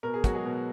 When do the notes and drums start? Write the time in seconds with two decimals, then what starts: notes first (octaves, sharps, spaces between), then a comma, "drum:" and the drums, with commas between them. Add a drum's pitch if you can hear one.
0.03 B2 A#4
0.14 G#4
0.24 F#3 F#4, drum: kick, hi-hat
0.35 G#3 G#4
0.45 B2